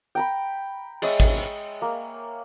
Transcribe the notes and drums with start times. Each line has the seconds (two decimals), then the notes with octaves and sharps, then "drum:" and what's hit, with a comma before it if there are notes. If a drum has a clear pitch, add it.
0.15 G5 A#5 B5
1.02 G#3 C#5 E5, drum: cymbal
1.20 drum: kick G#1
1.82 A#3